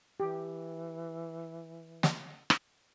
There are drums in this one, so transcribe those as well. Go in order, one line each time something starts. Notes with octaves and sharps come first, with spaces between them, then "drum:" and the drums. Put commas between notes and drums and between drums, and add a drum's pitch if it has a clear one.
E3 G4
drum: snare
drum: rim click